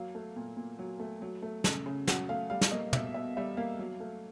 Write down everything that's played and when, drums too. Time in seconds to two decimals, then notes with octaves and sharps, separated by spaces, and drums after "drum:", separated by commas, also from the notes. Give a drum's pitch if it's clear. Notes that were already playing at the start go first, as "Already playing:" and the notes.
Already playing: F#3 A#3 F5
0.15 A3
0.36 A#2
0.57 A#2
0.79 F#3
1.00 A3
1.22 F#3
1.42 A3
1.64 C#3, drum: snare
1.86 C#3
2.07 F#3 F#5, drum: snare
2.29 A3 F5
2.50 G3 F5
2.61 drum: snare
2.71 A#3 D#5
2.93 B2 E5, drum: tom
3.14 B2 E5
3.37 G3 E5
3.57 A#3 F5
3.79 F#3
4.00 A3